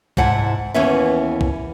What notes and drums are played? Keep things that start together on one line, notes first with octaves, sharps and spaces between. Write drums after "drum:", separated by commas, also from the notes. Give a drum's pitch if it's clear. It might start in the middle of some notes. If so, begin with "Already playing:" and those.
G#2 C3 E4 F#5 A5, drum: kick B1
D#2 E3 B3 C#4 B4 E5
drum: kick B1